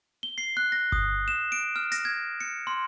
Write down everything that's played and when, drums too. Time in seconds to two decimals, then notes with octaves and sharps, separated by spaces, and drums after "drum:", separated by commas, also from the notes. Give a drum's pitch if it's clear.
0.23 G7
0.38 C7
0.57 F#6
0.72 A#6
0.92 D#6, drum: kick G1
1.28 E7
1.52 D7
1.76 F6
1.92 A#6, drum: hi-hat
2.05 G#6
2.41 C#7
2.67 C6